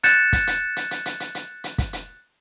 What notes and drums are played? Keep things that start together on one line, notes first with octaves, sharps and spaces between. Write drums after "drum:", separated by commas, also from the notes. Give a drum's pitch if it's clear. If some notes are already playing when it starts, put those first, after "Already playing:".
F#6 G6 A6 C#7 E7, drum: hi-hat
drum: kick, hi-hat
drum: hi-hat
drum: hi-hat
drum: hi-hat
drum: hi-hat
drum: hi-hat
drum: hi-hat
drum: hi-hat
drum: kick, hi-hat
drum: hi-hat